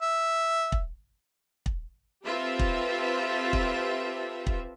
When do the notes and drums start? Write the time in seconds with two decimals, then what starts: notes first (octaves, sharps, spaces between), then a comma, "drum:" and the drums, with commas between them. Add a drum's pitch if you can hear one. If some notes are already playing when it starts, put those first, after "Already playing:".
0.02 E5
0.72 drum: kick
1.66 drum: kick
2.24 C4 F4 G4 A4 B4 E5
2.59 drum: kick
3.53 drum: kick
4.47 drum: kick